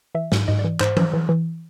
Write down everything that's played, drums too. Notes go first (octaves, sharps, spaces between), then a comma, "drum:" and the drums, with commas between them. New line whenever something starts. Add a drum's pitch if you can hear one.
E3 E5
G#2, drum: snare
G#2 D#5
D5
E3
G#2 C5, drum: clap
E3, drum: tom
E3
E3